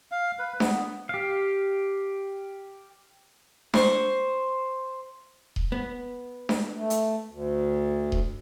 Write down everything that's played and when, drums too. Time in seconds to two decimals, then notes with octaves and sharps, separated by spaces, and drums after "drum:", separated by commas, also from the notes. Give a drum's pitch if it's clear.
0.12 F5
0.39 B4
0.60 B3, drum: snare D4
1.09 G4 F5
3.74 C5 C#6, drum: snare D4
5.56 drum: kick D#1
5.72 B3
6.49 drum: snare D4
6.76 A3
6.90 drum: hi-hat
7.29 D2
8.12 drum: kick D#1